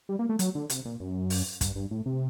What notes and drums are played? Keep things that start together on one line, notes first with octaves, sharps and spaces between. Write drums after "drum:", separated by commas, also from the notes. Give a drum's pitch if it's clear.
G3
A#3
A3
F#3, drum: hi-hat
D3
C3, drum: hi-hat
A#2
F#2
drum: open hi-hat
G2, drum: kick, hi-hat
G2
A2
C3